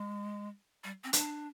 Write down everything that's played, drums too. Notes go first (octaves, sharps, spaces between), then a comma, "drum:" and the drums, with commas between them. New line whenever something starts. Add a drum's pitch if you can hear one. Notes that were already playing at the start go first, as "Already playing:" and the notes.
Already playing: G#3
G3
C4
D4, drum: hi-hat